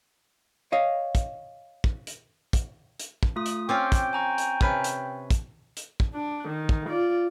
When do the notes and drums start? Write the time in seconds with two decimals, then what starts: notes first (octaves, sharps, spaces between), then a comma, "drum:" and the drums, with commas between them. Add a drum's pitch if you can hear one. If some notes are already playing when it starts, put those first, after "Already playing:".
0.72 C#5 D#5 F5
1.15 drum: kick, hi-hat
1.84 drum: kick
2.07 drum: hi-hat
2.53 drum: kick, hi-hat
3.00 drum: hi-hat
3.23 drum: kick
3.36 A3 F4 D#6
3.46 drum: hi-hat
3.69 C4 C#4 F4 G5 D6
3.92 drum: kick, hi-hat
4.13 G#5 A#5 C#6
4.38 drum: hi-hat
4.61 C3 C#4 B4, drum: kick
4.84 drum: hi-hat
5.30 drum: kick, hi-hat
5.77 drum: hi-hat
6.00 drum: kick
6.15 D4
6.48 D#3
6.69 drum: kick
6.89 F4 D5